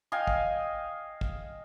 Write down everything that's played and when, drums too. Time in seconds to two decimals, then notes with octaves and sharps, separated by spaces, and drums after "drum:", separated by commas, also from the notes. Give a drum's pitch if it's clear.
0.12 D#5 F5 G5 G#5
0.27 drum: kick
1.21 drum: kick